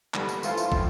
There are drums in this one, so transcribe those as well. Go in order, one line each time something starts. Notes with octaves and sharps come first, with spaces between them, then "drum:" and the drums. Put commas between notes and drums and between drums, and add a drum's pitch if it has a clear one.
D3 G3 B3, drum: clap
drum: tambourine
E3 A3 E4 F4 A4 C5, drum: tambourine
drum: tambourine
A2 F3, drum: kick